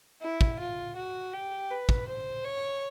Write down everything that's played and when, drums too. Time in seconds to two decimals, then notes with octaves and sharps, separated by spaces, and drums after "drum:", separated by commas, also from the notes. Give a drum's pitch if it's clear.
0.22 E4
0.41 drum: kick
0.59 F4
0.96 F#4
1.34 G4
1.71 B4
1.89 drum: kick
2.07 C5
2.44 C#5